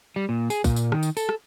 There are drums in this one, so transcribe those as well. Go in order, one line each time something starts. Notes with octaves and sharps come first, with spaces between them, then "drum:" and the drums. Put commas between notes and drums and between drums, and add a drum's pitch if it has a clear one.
G3
A#2
G#4, drum: tambourine
A#2, drum: kick, tambourine
drum: tambourine
D#3, drum: rim click
drum: tambourine
A4, drum: tambourine
drum: rim click